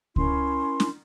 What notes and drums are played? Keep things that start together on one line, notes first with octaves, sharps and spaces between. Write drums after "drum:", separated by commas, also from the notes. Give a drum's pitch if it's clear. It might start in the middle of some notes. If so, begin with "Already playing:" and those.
C#4 E4 A#4 C6, drum: kick C#2
drum: snare